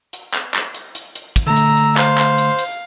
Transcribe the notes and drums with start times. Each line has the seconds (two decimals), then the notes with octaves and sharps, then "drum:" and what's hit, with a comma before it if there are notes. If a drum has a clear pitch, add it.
0.13 drum: hi-hat
0.34 drum: clap
0.54 drum: clap
0.75 drum: hi-hat
0.95 drum: hi-hat
1.15 drum: hi-hat
1.36 drum: kick, hi-hat
1.47 D3 A3 A#5 E6
1.56 drum: hi-hat
1.77 drum: hi-hat
1.97 C5 F5 C6, drum: clap
2.18 drum: clap
2.38 drum: hi-hat
2.59 drum: hi-hat